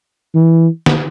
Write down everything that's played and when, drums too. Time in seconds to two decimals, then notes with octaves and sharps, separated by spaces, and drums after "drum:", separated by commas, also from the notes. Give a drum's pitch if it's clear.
0.35 E3
0.86 drum: snare